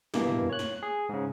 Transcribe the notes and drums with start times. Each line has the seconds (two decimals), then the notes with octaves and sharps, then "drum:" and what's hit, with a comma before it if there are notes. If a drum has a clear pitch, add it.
0.14 G2 B2 E3 A#3, drum: snare
0.29 drum: tom
0.50 C#5 F#6
0.59 drum: snare
0.83 G#4
1.09 G#2 C#3